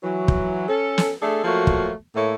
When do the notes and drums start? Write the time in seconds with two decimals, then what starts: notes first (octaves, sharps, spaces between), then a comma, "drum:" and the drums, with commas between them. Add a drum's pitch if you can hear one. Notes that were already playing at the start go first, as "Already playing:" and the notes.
0.03 E3 F#3
0.28 drum: kick
0.69 C#4 A4
0.98 drum: snare
1.21 A3 D4 G#4 A4
1.44 F3 F#3 A3 A#3 F#4
1.67 drum: kick
2.15 A2 A#3 E4 A4 C#5